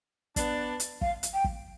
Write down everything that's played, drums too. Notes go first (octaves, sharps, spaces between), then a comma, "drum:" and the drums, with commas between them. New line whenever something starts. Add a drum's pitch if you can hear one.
B3 D4, drum: kick, hi-hat
drum: hi-hat
F5, drum: kick
drum: hi-hat
G5
drum: kick